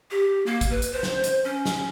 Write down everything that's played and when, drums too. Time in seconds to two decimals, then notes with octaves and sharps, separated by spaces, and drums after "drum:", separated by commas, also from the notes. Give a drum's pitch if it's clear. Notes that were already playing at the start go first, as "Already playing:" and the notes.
0.11 G4
0.46 A#3
0.61 drum: kick, hi-hat
0.70 B4
0.82 drum: hi-hat
0.93 C5
1.03 drum: snare
1.24 drum: hi-hat
1.45 C#4
1.65 drum: snare